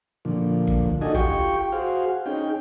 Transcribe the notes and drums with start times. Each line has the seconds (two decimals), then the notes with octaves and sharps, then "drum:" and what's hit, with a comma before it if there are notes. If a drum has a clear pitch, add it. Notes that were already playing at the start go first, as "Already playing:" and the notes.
0.25 A#2 D3 F3
0.67 drum: kick G1
1.01 D4 D#4 F#4 A4 D#5 G#5
1.15 F4 G4 G5 C#6, drum: kick G1
1.72 F#4 G#4 C5 F5
2.26 C#4 D#4 G#4 G5